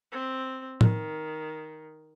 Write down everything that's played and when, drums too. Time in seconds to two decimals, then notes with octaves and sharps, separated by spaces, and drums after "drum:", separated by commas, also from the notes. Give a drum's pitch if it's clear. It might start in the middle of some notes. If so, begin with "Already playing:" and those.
0.12 C4
0.81 D#3, drum: tom A2